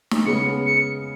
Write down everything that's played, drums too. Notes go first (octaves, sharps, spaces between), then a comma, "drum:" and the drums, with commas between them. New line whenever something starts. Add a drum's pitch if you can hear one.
drum: snare
C#3 G#3 B3 C#7
C#7